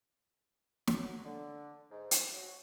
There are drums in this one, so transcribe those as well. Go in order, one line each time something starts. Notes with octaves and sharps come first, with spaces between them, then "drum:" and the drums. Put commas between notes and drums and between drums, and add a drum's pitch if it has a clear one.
drum: snare
F#3
D3
G#2
drum: hi-hat
F#3